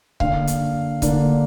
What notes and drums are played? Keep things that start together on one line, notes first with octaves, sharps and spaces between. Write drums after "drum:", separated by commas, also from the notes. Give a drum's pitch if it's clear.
D3 A#3 D4 F5, drum: kick C#1
drum: hi-hat
D3 A#3 D4, drum: kick C#1, hi-hat